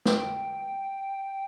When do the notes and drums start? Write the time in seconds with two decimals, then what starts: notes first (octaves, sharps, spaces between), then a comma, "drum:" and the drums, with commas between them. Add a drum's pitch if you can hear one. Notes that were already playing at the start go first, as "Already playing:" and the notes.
0.06 G5, drum: snare